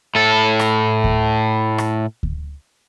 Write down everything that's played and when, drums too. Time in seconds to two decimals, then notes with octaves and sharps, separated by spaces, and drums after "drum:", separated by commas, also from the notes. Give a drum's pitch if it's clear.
0.15 A2 A4
0.60 drum: rim click
1.04 drum: kick D2
1.78 drum: rim click
2.23 drum: kick D2